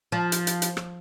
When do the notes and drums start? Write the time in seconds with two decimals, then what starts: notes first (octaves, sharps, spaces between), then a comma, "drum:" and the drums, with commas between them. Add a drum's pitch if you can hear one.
0.12 F3
0.32 drum: hi-hat
0.47 drum: hi-hat
0.62 drum: hi-hat
0.77 drum: rim click